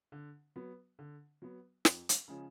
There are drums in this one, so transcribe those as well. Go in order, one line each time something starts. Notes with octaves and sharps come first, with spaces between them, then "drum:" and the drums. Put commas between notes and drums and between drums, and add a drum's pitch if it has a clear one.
D3
F#3 B3
D3
F#3 B3
F2, drum: snare
drum: hi-hat
C#3 F3 G#3 C#4